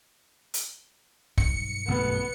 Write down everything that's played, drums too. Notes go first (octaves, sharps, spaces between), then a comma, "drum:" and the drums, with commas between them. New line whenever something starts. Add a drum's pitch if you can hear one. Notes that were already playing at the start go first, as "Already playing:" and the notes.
drum: hi-hat
B1 G2 C#7, drum: kick
F#1 B2 A3 B3